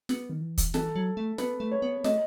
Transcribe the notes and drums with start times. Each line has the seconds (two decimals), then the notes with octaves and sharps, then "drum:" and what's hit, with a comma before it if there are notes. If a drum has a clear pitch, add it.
0.09 B3, drum: snare
0.30 D#3
0.41 E3
0.58 drum: kick, hi-hat
0.74 E3 A4, drum: snare
0.96 F#3
1.17 A3
1.38 B3 B4, drum: snare
1.60 A3
1.71 C#5
1.82 B3
2.04 A3 D#5, drum: snare